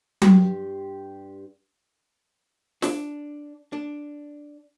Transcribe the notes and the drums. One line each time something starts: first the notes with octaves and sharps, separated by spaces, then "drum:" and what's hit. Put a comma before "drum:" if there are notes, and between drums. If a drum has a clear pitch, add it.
G2 G4 C6, drum: tom F#3
D4, drum: snare
D4